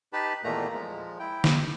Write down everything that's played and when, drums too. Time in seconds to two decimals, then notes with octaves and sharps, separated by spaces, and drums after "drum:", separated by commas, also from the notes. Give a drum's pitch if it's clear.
0.13 D#4 G4 B4 A5 B5
0.44 E2 A#2 D#3 A3 A#3 A#5
0.73 F3 G#3
1.20 E4 G5
1.44 drum: snare